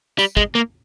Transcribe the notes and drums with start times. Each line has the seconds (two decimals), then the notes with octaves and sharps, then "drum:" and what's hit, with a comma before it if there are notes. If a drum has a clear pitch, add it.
0.19 G3, drum: tambourine
0.37 G#3, drum: kick
0.55 A#3